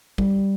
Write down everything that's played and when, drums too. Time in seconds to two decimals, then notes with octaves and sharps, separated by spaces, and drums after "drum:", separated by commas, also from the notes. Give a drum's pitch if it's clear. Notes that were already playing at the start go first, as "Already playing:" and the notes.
0.18 G3, drum: kick